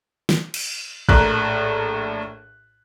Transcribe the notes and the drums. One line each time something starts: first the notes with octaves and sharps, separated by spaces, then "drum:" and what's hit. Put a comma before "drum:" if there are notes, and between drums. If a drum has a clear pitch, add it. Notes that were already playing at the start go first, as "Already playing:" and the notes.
drum: snare
drum: cymbal
A#1 A2 A#4 F#6, drum: kick